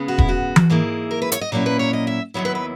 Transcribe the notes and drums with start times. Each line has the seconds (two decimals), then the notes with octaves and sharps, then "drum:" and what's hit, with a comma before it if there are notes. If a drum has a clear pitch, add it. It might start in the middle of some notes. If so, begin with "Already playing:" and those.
Already playing: C#3 G#3 B3
0.08 F#4
0.18 E4, drum: kick E1
0.29 F#4
0.56 drum: tom E3
0.70 G#2 E3 A#3 E4 G#4
1.11 A#4
1.22 B4
1.32 C#5, drum: hi-hat
1.41 D#5
1.52 A#2 F#3 A#3 C#4 E4 C#5
1.66 B4
1.79 C#5
1.93 D#5
2.07 E5
2.34 D#2 D#3 F#3 B3 E4 C#5
2.45 B4
2.55 B4